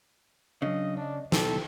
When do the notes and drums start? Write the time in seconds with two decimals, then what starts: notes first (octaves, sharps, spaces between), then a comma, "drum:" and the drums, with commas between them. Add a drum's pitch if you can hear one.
0.62 C#3 F#3 D4 D#5
0.97 D4 D5 D#5
1.32 B1 A4 G5, drum: snare